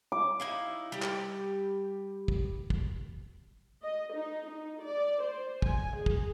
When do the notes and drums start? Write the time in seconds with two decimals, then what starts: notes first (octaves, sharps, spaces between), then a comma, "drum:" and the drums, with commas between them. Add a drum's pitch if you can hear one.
0.12 D6
0.40 D#4 E4 F5
0.92 G3 G4
1.02 drum: clap
2.28 drum: kick
2.70 drum: kick
3.82 D#5
4.13 D#4
4.47 D#4
4.82 D5
5.22 C5
5.62 G#5, drum: kick
5.95 G#4
6.06 drum: kick